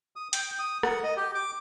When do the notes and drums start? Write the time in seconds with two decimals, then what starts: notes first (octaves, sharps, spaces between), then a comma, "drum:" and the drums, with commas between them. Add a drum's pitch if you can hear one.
0.16 D#6
0.33 G5, drum: hi-hat
0.59 D#6
0.83 F#5, drum: rim click
1.03 D#5
1.17 G4
1.35 D6